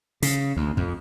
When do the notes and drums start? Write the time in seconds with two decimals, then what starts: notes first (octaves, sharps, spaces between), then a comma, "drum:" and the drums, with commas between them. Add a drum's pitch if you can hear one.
0.22 C#3, drum: hi-hat
0.57 D2
0.77 F2, drum: kick